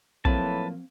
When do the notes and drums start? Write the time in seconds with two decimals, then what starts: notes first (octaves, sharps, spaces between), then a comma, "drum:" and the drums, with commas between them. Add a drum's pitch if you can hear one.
0.25 A2 F3 F#3 A#3 C4 B4 A5, drum: kick